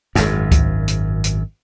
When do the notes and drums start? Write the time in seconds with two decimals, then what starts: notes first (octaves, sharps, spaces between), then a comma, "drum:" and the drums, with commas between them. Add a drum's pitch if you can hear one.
0.15 G#1 F#2, drum: snare
0.52 drum: kick C#2, hi-hat
0.88 drum: hi-hat
1.24 drum: hi-hat